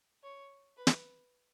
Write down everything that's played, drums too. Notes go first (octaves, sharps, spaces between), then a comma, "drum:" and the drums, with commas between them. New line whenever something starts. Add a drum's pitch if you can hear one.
C#5
B4
drum: snare